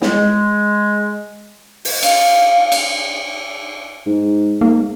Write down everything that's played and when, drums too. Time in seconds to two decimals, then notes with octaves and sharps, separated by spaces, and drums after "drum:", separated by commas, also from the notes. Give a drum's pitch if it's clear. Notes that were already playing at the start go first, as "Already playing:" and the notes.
0.02 G#3, drum: snare
1.85 drum: open hi-hat
2.03 F5, drum: cymbal
2.72 drum: cymbal
4.06 G#2
4.61 G#2 A#3